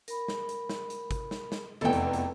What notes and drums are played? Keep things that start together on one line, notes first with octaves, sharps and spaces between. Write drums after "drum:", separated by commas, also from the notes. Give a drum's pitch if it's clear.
A#4 B5, drum: hi-hat
drum: snare
drum: hi-hat
drum: snare
drum: hi-hat
drum: kick, hi-hat
drum: snare
drum: snare
F1 E2 A4 D5 G5
drum: hi-hat
drum: hi-hat